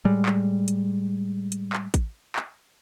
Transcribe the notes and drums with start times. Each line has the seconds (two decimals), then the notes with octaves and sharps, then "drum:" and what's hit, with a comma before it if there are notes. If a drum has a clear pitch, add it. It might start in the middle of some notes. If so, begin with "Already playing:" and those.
0.05 A2 G3 G#3
0.26 drum: clap
0.68 drum: hi-hat
1.52 drum: hi-hat
1.73 drum: clap
1.94 drum: kick A1, hi-hat
2.36 drum: clap